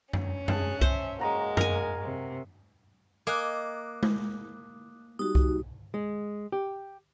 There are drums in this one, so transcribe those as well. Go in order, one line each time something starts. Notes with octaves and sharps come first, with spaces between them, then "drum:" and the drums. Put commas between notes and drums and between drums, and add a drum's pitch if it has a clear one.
C#4, drum: tom F#2
G#4 A5 D#6 F#6, drum: tom F#2
C5 E5, drum: kick C2
G#3 A#3 F#4 A#5 D#6
A#4 G#5, drum: tom F#2
C3
A#3 D#5 G#5 D6 D#6 F#6
drum: tom G#3
G3 D#4 F#4 D#6
drum: kick C2
G#3
G4